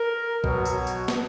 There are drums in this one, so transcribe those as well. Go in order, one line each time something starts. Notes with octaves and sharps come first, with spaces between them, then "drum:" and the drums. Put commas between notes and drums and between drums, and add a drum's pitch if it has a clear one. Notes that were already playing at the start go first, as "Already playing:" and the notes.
Already playing: A#4
B2 F#3, drum: kick
drum: tambourine
drum: tambourine
drum: snare